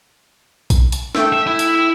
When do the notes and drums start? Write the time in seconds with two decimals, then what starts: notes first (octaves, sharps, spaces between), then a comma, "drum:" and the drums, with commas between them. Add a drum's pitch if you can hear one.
0.70 drum: kick A#1, hi-hat
0.92 drum: hi-hat
1.15 A3 G5 E6, drum: snare
1.33 E5
1.47 E4 E5
1.59 drum: hi-hat